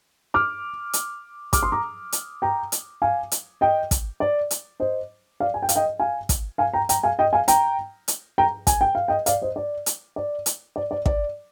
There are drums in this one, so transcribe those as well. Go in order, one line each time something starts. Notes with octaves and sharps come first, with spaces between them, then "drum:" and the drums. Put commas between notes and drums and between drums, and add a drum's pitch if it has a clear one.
D6 F6
drum: hi-hat
D6 F6, drum: kick, hi-hat
C6 D#6
A#5 D6
drum: hi-hat
G5 A#5
drum: hi-hat
F5 G#5
drum: hi-hat
D#5 G5
drum: kick, hi-hat
D5
drum: hi-hat
C5 D#5
D5 F5
G#5
G5
F5, drum: hi-hat
D#5 G5
F5 G#5
drum: kick, hi-hat
F5 G#5
G5 A#5
G5 A#5, drum: hi-hat
F5 G#5
D#5 G5
F5 G#5
G5 A#5, drum: hi-hat
drum: hi-hat
G5 A#5
G#5, drum: kick, hi-hat
G5
F5
D#5 G5
D5 F5, drum: hi-hat
C5 D#5
D5
drum: hi-hat
D5
drum: hi-hat
D5
D5
D5, drum: kick